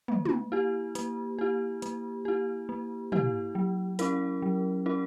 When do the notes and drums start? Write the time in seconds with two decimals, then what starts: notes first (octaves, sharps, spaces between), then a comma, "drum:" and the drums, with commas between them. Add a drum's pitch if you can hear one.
0.08 A#3, drum: tom
0.25 drum: tom
0.52 E4 G4
0.95 A#3, drum: hi-hat
1.39 E4 G4
1.82 A#3, drum: hi-hat
2.25 E4 G4
2.69 A#3
3.12 E4 G4, drum: tom
3.55 F#3
3.99 C#4 E4 A#4, drum: hi-hat
4.42 F#3
4.86 C#4 E4 A#4